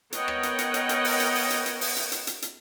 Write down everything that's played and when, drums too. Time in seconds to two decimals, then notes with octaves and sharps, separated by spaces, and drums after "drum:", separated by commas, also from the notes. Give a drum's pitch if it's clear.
0.13 B3 A#4 C#5 D#5 F#5 G5, drum: hi-hat
0.28 drum: rim click
0.43 drum: hi-hat
0.59 drum: hi-hat
0.74 drum: hi-hat
0.89 drum: hi-hat
1.04 drum: open hi-hat
1.20 drum: hi-hat
1.35 drum: open hi-hat
1.50 drum: hi-hat
1.66 drum: hi-hat
1.81 drum: open hi-hat
1.96 drum: hi-hat
2.12 drum: hi-hat
2.27 drum: hi-hat
2.42 drum: hi-hat